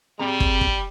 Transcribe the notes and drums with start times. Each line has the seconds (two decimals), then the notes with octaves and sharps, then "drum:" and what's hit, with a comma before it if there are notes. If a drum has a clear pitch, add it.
0.19 G3 C4 G#4 A#5
0.40 drum: kick
0.61 drum: kick